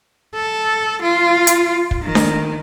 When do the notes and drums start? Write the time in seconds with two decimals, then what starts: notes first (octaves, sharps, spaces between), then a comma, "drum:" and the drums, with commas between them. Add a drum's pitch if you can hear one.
0.35 A4
1.02 F4
1.47 drum: hi-hat
1.91 drum: kick
2.02 D#3
2.15 drum: snare D4